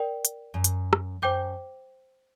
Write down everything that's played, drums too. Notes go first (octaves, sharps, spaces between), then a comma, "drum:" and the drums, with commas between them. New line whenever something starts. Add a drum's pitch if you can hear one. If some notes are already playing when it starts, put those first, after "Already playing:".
Already playing: A#4 D5 G5
drum: hi-hat
F#2
drum: hi-hat
drum: rim click
F#2 C5 G5 D6 G6